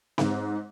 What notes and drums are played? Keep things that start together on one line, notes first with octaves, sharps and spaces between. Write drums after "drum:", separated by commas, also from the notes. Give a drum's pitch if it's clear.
G#2, drum: snare C4